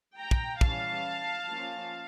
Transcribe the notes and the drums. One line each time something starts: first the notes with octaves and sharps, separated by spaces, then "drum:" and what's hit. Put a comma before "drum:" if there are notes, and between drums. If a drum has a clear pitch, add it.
G5 A#5
drum: kick
E3 G3 C#4 F5 A5, drum: kick
F3 A#3 C#4 F4